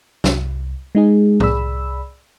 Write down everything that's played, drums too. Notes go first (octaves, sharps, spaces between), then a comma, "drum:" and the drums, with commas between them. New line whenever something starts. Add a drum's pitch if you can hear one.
C2, drum: snare
G#3 D#4 G#4
C2 G#4 D5 B5 E6, drum: tom